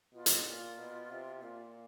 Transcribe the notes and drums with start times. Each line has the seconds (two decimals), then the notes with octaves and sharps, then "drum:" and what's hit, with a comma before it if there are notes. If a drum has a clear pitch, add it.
0.14 B2 F4
0.26 drum: hi-hat
0.46 A#2 F4
0.77 B2
1.10 C3
1.41 A#2 F4